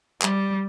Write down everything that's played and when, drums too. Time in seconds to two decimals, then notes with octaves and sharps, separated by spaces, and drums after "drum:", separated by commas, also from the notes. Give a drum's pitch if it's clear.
0.22 G3, drum: clap